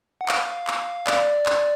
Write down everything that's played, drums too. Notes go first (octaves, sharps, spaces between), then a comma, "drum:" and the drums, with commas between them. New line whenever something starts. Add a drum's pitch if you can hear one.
F#5
F5, drum: clap
drum: clap
D5, drum: clap
drum: clap